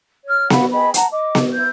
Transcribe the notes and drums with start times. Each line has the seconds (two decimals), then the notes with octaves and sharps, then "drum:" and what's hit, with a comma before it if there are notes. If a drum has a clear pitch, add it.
0.24 C#5 F6
0.50 F#4 F5 F#5 B5, drum: snare B3
0.72 G#4 D#5 G5 B5
0.94 F#5 A5 A#5, drum: hi-hat
1.12 D#5 D6
1.35 drum: snare B3
1.53 E4 G6